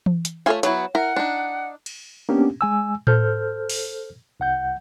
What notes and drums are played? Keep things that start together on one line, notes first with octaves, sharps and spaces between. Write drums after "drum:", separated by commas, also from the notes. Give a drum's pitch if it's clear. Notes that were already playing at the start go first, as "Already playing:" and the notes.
drum: tom E3
drum: hi-hat
A3 F4 A4 C#5 E5 G#5
F#3 B3 E4 C#5, drum: hi-hat
E4 A#4 F#5
D4 D#4
drum: cymbal
A#3 B3 C#4 D4 G4
G#3 G#5 E6
A4 C5 F6 G6, drum: tom A2
drum: open hi-hat
C2 F#5 G6